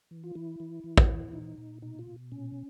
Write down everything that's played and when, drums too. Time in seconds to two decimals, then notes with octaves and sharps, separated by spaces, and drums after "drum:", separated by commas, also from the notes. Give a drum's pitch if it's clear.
0.11 E3
0.24 F4
0.35 E3 E4
0.60 E3
0.84 E3
0.97 drum: kick
1.09 E3
1.33 A#2 D#4
1.58 A#2
1.82 B2 D#4
1.99 F4
2.07 B2
2.32 A#2 C#4